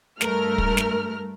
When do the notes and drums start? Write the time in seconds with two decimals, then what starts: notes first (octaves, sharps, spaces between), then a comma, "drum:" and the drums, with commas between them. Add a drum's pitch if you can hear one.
0.21 G2 A3 A#4 F6, drum: snare
0.58 drum: kick
0.77 drum: snare